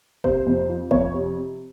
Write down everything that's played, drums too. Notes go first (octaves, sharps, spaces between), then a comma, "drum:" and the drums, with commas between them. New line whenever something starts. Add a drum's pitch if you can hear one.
C3 C5, drum: kick
F2
F3
F2 C#5, drum: kick
C3